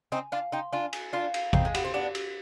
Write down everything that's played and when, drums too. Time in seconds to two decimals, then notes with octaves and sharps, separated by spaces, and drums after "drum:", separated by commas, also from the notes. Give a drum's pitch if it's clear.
0.12 C4 D#4 G#5
0.32 D4 F4 F5
0.52 D#4 G4 C6
0.73 D4 F4 G#5
0.93 G#5, drum: cymbal
1.13 D4 F4 F5
1.34 F5, drum: cymbal
1.53 C4 D#4 F5, drum: kick
1.65 G#3
1.74 B3 G4, drum: cymbal
1.85 C4
1.94 B3 D4 G4
2.15 G4, drum: cymbal